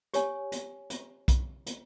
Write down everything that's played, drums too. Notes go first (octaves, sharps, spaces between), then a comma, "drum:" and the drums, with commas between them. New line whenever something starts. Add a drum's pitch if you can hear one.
G4 C#5 G#5, drum: hi-hat
drum: hi-hat
drum: hi-hat
drum: kick B1, hi-hat
drum: hi-hat